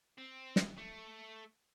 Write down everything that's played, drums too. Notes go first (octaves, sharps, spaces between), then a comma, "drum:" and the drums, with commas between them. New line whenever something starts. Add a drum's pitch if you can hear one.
C4
drum: snare
A3